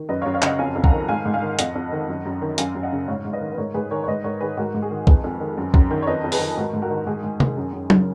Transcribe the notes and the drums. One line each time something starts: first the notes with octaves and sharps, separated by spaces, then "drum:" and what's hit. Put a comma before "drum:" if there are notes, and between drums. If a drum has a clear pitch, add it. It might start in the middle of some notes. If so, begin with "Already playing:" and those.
Already playing: D#3
F#2 B4 D#5
C#5 F5
F#2
C#5 F5
C#3 D#5 F#5, drum: clap
F2 F5 G#5
F2
F#5 A#5, drum: kick B1
D#3
G#2 F5 G#5
G#2
F5 G#5
D#3
F2 D#5 F#5, drum: hi-hat
F2
D#3
F#2
F#2
D#3
F#2 F5 G#5, drum: hi-hat
F#2
D#5 F#5
C#3
G#2 C#5 F5
G#2
B4 D#5
D#3
B4
G#2 A#4 C#5
G#2 G#4 B4
D#3 A#4 C#5
C#5
G#2 B4 D#5
G#2 A#4 C#5
D#3 G#4 B4
G#2 F#4 A#4
G#2
G#4
D#3
F2 G#4 B4, drum: kick B1
F2
D#3
F#2
F#2, drum: kick B1
D#3
C#5
F2 B4 D#5
F2
G#4 B4, drum: open hi-hat
D#3
G#2 F#4 A#4
G#2
F#4 A#4
D#3
G#2 G#4
G#2
D#3, drum: tom C3
F#2
F#2
C#3, drum: tom F#3